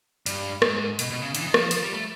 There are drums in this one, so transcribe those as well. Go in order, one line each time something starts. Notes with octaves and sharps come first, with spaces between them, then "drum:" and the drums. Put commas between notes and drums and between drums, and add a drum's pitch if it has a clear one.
G2, drum: hi-hat
G#2, drum: rim click
B2, drum: hi-hat
B2
C#3
D3, drum: hi-hat
E3
D#3
F#3, drum: rim click
F3
F3, drum: hi-hat
G3
A3